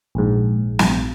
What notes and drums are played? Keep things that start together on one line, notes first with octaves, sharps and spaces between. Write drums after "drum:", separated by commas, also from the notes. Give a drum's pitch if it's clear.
A#1 G#2
drum: snare